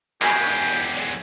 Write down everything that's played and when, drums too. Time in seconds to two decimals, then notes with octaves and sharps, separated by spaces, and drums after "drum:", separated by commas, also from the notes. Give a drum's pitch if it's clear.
0.22 E2 G#3 G4 G5 G#5 B5, drum: clap
0.47 drum: hi-hat
0.72 drum: hi-hat
0.97 drum: hi-hat